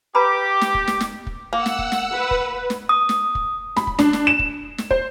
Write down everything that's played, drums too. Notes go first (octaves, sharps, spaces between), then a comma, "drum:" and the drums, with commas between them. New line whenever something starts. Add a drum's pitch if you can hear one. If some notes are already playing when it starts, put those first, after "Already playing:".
G4 B4 A#5 B5 D6
drum: snare
drum: kick
drum: snare
drum: snare
drum: kick
A#3 F#5 E6
drum: snare
drum: kick
drum: snare
B4
drum: kick
drum: snare
D#6
drum: snare
drum: kick
B5, drum: snare
drum: kick
D4, drum: snare
drum: snare
E7
drum: kick
drum: snare
C5, drum: kick